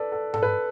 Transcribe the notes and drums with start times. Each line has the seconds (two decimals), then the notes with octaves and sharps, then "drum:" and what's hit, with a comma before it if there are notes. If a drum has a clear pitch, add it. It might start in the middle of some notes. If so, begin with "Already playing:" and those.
Already playing: A4 B4 D5
0.12 A4
0.34 A4, drum: tom G#2
0.43 B4